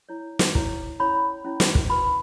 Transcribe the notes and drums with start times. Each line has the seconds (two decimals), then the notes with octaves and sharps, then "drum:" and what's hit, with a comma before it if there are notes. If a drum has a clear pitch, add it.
0.09 E4 C#5
0.39 drum: snare
0.55 E4 C#5, drum: kick
0.99 C#4 E4 C#5 B5
1.45 C#4 E4 C#5
1.60 drum: snare
1.75 drum: kick
1.89 F#4 B4 B5